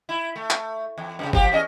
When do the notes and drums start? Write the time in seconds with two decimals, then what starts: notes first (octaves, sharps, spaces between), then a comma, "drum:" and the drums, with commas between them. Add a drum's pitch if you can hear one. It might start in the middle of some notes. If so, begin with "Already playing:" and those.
0.09 E4
0.36 A3
0.50 drum: clap
0.98 E2
1.19 F#2 A#2 C#3
1.33 F3 G4, drum: kick
1.52 E2 C#4 D#5